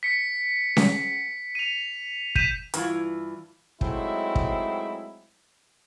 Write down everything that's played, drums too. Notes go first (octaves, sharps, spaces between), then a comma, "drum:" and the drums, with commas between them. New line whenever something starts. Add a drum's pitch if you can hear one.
B6 C#7
drum: snare C#4
D#7 F7
G6 B6 D#7 E7, drum: kick
G2 E3 A3 E4 F4, drum: hi-hat
F#3 G#3 A3 C4 D#4 E4, drum: kick
drum: kick